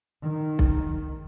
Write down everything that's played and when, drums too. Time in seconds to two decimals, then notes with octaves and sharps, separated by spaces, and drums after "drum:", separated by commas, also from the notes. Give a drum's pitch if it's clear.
0.23 D#3
0.59 drum: kick B1